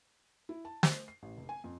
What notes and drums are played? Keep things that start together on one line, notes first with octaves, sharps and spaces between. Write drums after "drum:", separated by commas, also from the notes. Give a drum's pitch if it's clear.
E4
A5
C5, drum: snare
C7
A1
F1
G#5
F2